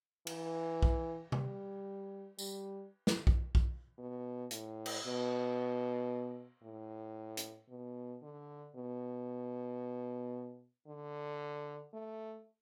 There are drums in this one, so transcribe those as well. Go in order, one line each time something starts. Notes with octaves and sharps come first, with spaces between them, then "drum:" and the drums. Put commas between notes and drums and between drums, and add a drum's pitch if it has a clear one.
E3, drum: cymbal
drum: kick B1
G3, drum: tom C3
G3, drum: tambourine
drum: snare
drum: kick B1
drum: kick B1
B2
A2, drum: hi-hat
drum: cymbal
B2
A2
drum: hi-hat
B2
D3
B2
D3
A3